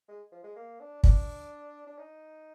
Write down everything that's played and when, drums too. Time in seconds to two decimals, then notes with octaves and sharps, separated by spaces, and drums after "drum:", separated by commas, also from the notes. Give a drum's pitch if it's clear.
0.08 G#3
0.32 F3
0.44 G#3
0.56 A#3
0.80 D4
1.04 D4, drum: kick
1.87 D4
1.98 D#4